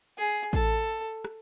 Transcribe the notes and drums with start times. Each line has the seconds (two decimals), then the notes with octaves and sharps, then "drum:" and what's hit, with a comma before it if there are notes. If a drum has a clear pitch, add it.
0.18 G#4
0.53 A4, drum: kick A1
1.25 drum: rim click